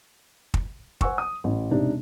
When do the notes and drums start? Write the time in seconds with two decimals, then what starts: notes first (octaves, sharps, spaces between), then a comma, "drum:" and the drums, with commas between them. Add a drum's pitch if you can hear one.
0.54 drum: kick
1.01 C5 F#5 G#5 C#6 E6, drum: kick
1.18 D#6
1.44 A1
1.71 E1 C3 D4 D#4